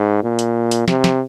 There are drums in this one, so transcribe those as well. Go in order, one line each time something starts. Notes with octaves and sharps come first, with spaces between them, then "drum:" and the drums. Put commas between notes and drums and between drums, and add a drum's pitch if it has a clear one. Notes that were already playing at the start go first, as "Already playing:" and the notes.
Already playing: G#2
A#2
drum: hi-hat
drum: hi-hat
C3, drum: snare
drum: snare